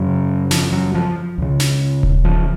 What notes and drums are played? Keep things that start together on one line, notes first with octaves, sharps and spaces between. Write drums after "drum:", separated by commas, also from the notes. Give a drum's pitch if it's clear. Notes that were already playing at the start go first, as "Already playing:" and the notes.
Already playing: F#2 C#3 F#3
F3, drum: snare
F#3
F3
C#2 C#3
drum: snare
drum: kick D#1
F3